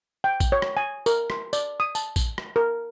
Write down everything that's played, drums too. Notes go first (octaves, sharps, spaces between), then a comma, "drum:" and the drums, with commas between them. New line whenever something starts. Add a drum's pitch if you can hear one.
G5
drum: kick A1, tambourine
C#5
drum: rim click
G#5
A#4, drum: tambourine
C6, drum: rim click
D5, drum: tambourine
D#6
A5, drum: tambourine
drum: kick A1, tambourine
drum: rim click
A#4